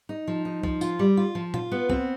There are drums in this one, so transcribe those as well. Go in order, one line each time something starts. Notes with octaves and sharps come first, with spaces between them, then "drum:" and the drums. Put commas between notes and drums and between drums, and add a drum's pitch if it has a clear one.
D#4
F3
D#4
F3, drum: kick C2
F4, drum: tambourine
G3
F4
F3
F4, drum: tom A#2
B3
C4, drum: kick C2